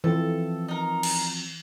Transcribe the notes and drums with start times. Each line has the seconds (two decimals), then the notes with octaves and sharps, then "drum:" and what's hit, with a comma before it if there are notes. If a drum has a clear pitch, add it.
0.04 E3 F3 C4 A4
0.68 D#4 A#4
1.03 drum: cymbal